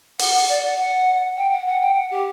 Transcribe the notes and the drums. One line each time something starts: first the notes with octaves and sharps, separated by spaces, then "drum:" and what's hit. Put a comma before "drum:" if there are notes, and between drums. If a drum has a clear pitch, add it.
F#5, drum: open hi-hat
F#5
D5
F#5
F#5
G5
F#5
F#5
G5
F#5
G4